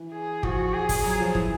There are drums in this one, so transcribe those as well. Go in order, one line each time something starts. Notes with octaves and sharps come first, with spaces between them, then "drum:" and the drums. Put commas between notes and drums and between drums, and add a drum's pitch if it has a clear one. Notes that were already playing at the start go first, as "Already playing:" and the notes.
Already playing: E3
G#4
F3 F#4, drum: kick
G#4
drum: kick, open hi-hat
F#3
F3
E3, drum: kick